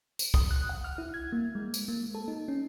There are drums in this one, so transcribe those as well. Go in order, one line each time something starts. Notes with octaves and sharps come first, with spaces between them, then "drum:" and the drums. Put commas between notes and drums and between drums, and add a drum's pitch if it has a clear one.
drum: tambourine
D#6, drum: kick
F#6
F#5
F6
E4
G#6
A#3
G#3
drum: tambourine
A#3
A4
D#4
C#4